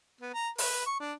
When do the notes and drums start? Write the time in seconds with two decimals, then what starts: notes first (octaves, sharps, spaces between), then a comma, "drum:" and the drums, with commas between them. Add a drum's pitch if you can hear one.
0.21 B3
0.34 A#5
0.58 B4, drum: open hi-hat
0.87 C#6
1.00 D4